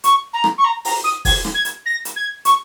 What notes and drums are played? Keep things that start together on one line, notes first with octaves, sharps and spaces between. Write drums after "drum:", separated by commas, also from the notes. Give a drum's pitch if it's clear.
C#6, drum: hi-hat
A#5
drum: rim click
C#6
A#5
A#5, drum: open hi-hat
D#6
G#6, drum: kick, open hi-hat
drum: rim click
G#6
drum: hi-hat
A#6
drum: hi-hat
G#6
C#6, drum: hi-hat